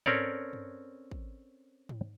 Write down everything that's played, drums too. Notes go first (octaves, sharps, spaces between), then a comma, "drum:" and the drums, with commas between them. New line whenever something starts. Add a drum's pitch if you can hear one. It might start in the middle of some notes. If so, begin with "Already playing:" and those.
C4 C#4 A4 A#4 C#5 D5, drum: tom G#2
drum: tom G2
drum: kick
drum: tom G#2